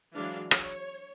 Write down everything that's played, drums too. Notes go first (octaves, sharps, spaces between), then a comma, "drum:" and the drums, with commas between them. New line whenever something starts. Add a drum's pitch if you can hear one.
E3 F#3 G#3 D4 F5
C#5, drum: rim click